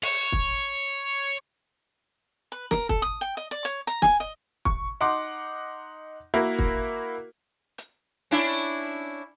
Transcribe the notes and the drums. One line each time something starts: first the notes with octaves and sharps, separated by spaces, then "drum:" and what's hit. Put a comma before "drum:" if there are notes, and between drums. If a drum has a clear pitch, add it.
C#5, drum: open hi-hat
drum: kick
B4
A#4, drum: snare
A4, drum: kick
D#6
G5
D#5
D5
C#5, drum: hi-hat
A#5, drum: hi-hat
G#5, drum: snare
D#5
C#6, drum: kick
D#4 F#5 C6 D6
A#3 E4 F#4 A#4
drum: kick
drum: hi-hat
C#4 D4 E4